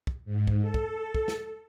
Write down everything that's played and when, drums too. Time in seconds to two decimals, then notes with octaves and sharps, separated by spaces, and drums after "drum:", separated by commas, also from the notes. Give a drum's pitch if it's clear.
0.07 drum: kick
0.25 G#2
0.47 drum: kick
0.61 A4
0.74 drum: kick
1.15 drum: kick
1.28 drum: snare